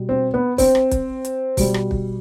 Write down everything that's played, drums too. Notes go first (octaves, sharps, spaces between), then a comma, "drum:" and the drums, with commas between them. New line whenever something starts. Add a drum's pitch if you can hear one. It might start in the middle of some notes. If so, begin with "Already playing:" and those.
Already playing: B2 G3
C4
B3
C4, drum: kick, open hi-hat
drum: rim click
drum: kick, hi-hat
drum: hi-hat
B2 G3, drum: kick, open hi-hat
drum: rim click
drum: kick